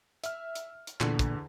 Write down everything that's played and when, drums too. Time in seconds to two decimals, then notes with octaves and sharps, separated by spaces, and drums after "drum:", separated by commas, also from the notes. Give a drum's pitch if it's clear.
0.24 E5 F6, drum: hi-hat
0.55 drum: hi-hat
0.87 drum: hi-hat
1.00 E2 A#2 D3, drum: clap
1.19 drum: kick, hi-hat